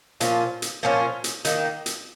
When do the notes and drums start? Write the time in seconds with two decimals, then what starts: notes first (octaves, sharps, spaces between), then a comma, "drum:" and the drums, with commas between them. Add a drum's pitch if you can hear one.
0.21 A#2 F3 C#4 F4, drum: hi-hat
0.62 drum: hi-hat
0.83 A#2 F3 C#4 F4
1.24 drum: hi-hat
1.45 D#3 A#3 D#4, drum: hi-hat
1.86 drum: hi-hat